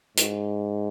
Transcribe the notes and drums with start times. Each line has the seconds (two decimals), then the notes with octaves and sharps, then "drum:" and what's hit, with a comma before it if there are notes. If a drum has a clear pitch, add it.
0.17 G#2, drum: hi-hat